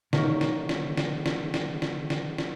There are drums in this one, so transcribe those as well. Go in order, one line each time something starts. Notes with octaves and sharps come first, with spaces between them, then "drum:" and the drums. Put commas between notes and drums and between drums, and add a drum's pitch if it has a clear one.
D3 D#3 A#3 D#4 A#4 C#5, drum: snare
drum: snare
drum: snare
drum: snare
drum: snare
drum: snare
drum: snare
drum: snare
drum: snare